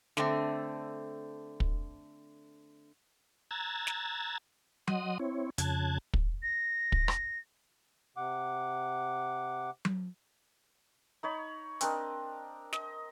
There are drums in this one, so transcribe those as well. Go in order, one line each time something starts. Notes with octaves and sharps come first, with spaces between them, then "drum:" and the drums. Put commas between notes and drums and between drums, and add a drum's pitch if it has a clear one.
D3 A3 C4, drum: snare
drum: kick
A#5 E6 F#6 G#6 A6
drum: snare
F#3 D#5 F#5 C6 D#6, drum: tom F#3
C4 E4 C#5
F2 C#3 A5 F#6 G#6, drum: hi-hat
drum: kick
A#6
drum: kick
drum: rim click
C3 F#5 D6
drum: tom F#3
D#4 C#5 B5
C4 D4 A#4 D#5, drum: hi-hat
D#5, drum: snare